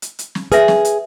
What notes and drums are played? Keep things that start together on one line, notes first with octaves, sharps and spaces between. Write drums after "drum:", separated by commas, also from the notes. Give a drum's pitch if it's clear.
drum: hi-hat
drum: hi-hat
drum: snare
G#4 B4 E5 G#5, drum: hi-hat
drum: snare
drum: hi-hat